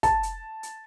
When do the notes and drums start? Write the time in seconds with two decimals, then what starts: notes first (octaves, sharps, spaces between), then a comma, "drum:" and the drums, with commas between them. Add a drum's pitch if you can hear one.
0.03 A5, drum: kick, hi-hat
0.23 drum: hi-hat
0.63 drum: hi-hat